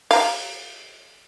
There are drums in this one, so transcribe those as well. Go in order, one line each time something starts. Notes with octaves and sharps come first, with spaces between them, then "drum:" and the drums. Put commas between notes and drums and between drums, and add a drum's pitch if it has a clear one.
F5 A#5, drum: open hi-hat